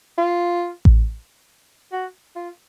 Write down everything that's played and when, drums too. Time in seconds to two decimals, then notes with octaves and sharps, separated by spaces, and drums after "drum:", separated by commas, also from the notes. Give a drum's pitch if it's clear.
0.18 F4
0.85 drum: kick A1
1.92 F#4
2.36 F4